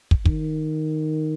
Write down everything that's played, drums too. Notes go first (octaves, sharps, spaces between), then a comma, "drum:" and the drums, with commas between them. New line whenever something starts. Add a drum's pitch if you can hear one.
drum: kick
D#3, drum: kick